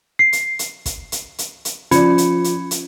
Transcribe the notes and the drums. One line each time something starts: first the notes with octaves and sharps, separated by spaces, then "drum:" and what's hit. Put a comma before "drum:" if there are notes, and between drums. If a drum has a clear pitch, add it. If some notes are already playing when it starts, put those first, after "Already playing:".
C7
drum: hi-hat
drum: hi-hat
drum: kick, hi-hat
drum: hi-hat
drum: hi-hat
drum: hi-hat
F3 C#4 D5 B5, drum: hi-hat
drum: hi-hat
drum: hi-hat
drum: hi-hat